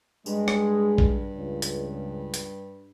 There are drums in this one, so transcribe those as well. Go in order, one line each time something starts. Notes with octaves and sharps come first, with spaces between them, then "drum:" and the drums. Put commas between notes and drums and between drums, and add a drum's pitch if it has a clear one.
G2 G#3, drum: tambourine
drum: rim click
drum: kick A#1
C#2
drum: hi-hat
drum: hi-hat